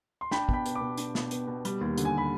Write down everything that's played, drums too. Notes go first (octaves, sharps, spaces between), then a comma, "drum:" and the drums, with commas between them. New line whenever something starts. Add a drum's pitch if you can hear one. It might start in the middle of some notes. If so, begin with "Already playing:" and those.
C6
D4 G5 B5, drum: snare
B2 G5 B5, drum: kick
B3, drum: hi-hat
B5 D6
B2
D4, drum: hi-hat
B2, drum: snare
B3, drum: hi-hat
B2
G3, drum: hi-hat
D#2
D3, drum: hi-hat
G#5
B5